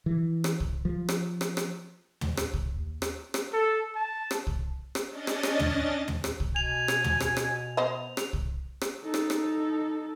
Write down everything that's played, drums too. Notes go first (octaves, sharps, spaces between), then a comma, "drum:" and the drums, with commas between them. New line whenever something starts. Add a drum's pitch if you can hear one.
E3
drum: rim click
drum: kick
F3
drum: rim click
drum: rim click
drum: rim click
drum: tom
drum: rim click
drum: kick
D#2
drum: rim click
drum: rim click
A4
A5
drum: rim click
drum: kick
drum: rim click
C#4 D4 D#5 A6
drum: rim click
drum: rim click
drum: tom
drum: tom
drum: rim click
drum: kick
B2 G#5 F7
drum: rim click
drum: tom
drum: rim click
drum: rim click
B3 C5 D#5
drum: rim click
drum: kick
drum: rim click
D#4 A4
drum: rim click
drum: rim click